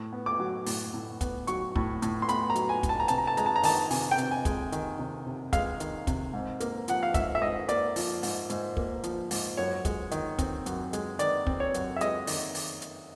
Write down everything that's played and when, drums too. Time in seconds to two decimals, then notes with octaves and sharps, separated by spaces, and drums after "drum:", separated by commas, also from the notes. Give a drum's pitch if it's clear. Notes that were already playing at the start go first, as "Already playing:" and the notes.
Already playing: A2
0.12 B3
0.26 D6
0.40 F#3
0.66 A2, drum: open hi-hat
0.94 A2
1.21 B3, drum: kick, hi-hat
1.47 F#3 C#6, drum: hi-hat
1.76 A2, drum: kick
2.02 A2, drum: hi-hat
2.22 C6
2.29 B3 B5, drum: hi-hat
2.50 A#5
2.55 F#3, drum: hi-hat
2.69 G#5
2.83 A2, drum: kick, hi-hat
2.89 A5
3.00 A#5
3.08 C3 A5, drum: hi-hat
3.18 A#5
3.27 A5
3.37 G#3 A#5, drum: hi-hat
3.46 A5
3.56 A#5
3.63 D#3 A5, drum: open hi-hat
3.91 C3 G#5, drum: open hi-hat
4.11 G5
4.18 C3, drum: hi-hat
4.31 G#5
4.45 G#3, drum: kick, hi-hat
4.72 D#3, drum: hi-hat
4.99 C3
5.26 C3
5.53 G#3 F5, drum: kick, hi-hat
5.80 D#3, drum: hi-hat
6.07 C3, drum: kick, hi-hat
6.34 G#2
6.60 A#3, drum: hi-hat
6.88 F3 F#5, drum: hi-hat
7.03 F5
7.14 G#2 E5, drum: kick, hi-hat
7.35 E5
7.42 G#2 D#5
7.69 A#3 D5, drum: hi-hat
7.96 F3, drum: open hi-hat
8.23 G#2, drum: open hi-hat
8.50 G#2, drum: hi-hat
8.77 A#3, drum: kick
9.03 F3, drum: hi-hat
9.31 G#2, drum: open hi-hat
9.57 F#2 C#5
9.85 G#3, drum: kick, hi-hat
10.11 D#3, drum: hi-hat
10.39 C4, drum: kick, hi-hat
10.66 F#2, drum: hi-hat
10.93 G#3, drum: hi-hat
11.19 D#3 D5, drum: hi-hat
11.47 C4, drum: kick
11.60 C#5
11.74 F#2, drum: hi-hat
11.96 E5
12.01 G#3 D#5, drum: hi-hat
12.27 D#3, drum: open hi-hat
12.55 drum: open hi-hat
12.82 drum: hi-hat